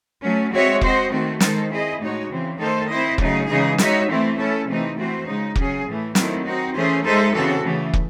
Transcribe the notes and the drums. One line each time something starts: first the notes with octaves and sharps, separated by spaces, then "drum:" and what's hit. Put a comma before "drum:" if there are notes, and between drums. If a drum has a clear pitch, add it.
F#3 A3 C#4
G#3 C4 F#4 C#5 E5
C4 F#4 C5 D#5, drum: kick
D#3 A3 C4 F#4
D#3 G#3 D#4 A4 C5, drum: snare
C4 E4 G#4 D#5
A2 G#3 D#4 F#4 C#5
C#3 E3 C4
D#3 A3 D#4 A4 C5
C4 E4 C5 D#5
C#3 F#3 A3 D#4 G#4, drum: kick
C#3 E3 G#3 D#4 G#4
G#3 D#4 F#4 C#5 E5, drum: snare
E3 A3 C4 E4
A3 C#4 E4 A4
C3 E3 A3 C4 D#4
E3 A3 C4 F#4 C5
C#3 G#3 D#4
C#3 F#3 C#4 G#4, drum: kick
A2 E3 A3
D#3 F#3 A3 C4 E4, drum: snare
C4 D#4 F#4
E3 A3 C#4 G#4 C5
G#3 D#4 A4 C5 E5
C#3 E3 C4 F#4 A4
C#3 E3 A3
drum: kick